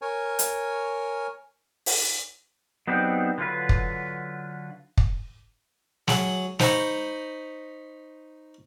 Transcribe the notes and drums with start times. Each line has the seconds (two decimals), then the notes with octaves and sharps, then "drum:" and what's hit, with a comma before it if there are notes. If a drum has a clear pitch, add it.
0.02 A#4 C#5 G#5
0.39 drum: hi-hat
1.86 drum: open hi-hat
2.87 F#3 B3 C4 D4 D#4 G4
3.38 D3 F#3 F4 B4
3.69 drum: kick
4.98 drum: kick
6.08 F#3 G#4, drum: snare
6.59 D#4 C5 A#5 B5 C#6, drum: snare